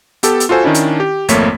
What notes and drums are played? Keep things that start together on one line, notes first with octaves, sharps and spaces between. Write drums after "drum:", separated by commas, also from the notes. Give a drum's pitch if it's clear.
B3 G4 A4, drum: hi-hat
drum: hi-hat
F4 F#4 A4 C5 G#5
D#3 C#4 D4 E4
drum: hi-hat
G4
G#1 F2 A3 A#3 C#5 B6, drum: hi-hat